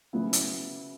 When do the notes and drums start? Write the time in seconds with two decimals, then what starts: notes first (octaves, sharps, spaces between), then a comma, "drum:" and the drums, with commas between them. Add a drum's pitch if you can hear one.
0.13 C#3 F#3 B3 E4
0.33 drum: hi-hat